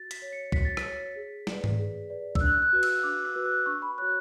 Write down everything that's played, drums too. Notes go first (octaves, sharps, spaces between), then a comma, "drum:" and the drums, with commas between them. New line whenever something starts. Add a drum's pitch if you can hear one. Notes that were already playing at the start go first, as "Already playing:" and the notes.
Already playing: F#4 A6
B6, drum: hi-hat
C#5
C#7
F#4 B6, drum: kick
A6
B6, drum: rim click
C#5
G#4
B4 D5, drum: snare
drum: tom G#2
G#4
B4 D5
E6, drum: kick
D4 F#6
F#6
F#4 B4
E6, drum: cymbal
D4 D6
E6
F#4 B4
F#6
D4 C#6
B5
F#4 C#5 F#6